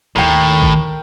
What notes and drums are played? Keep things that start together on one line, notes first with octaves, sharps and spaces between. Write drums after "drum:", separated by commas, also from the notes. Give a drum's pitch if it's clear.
D#2 A2 D#3 A#4 G5
drum: kick